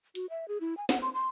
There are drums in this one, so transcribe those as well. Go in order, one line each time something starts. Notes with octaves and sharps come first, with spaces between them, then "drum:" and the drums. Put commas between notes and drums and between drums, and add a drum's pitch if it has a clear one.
F#4, drum: hi-hat
E5
G#4
E4
G#5
F#5, drum: snare
C6
C6